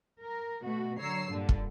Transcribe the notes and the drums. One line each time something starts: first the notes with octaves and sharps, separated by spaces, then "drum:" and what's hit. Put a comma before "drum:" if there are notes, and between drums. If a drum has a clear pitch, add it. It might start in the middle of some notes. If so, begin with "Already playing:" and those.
A#4
B2 A3 F#4
D3 F#3 C#5 A#5 E6 C7
G2 A#2 D3 G3
drum: kick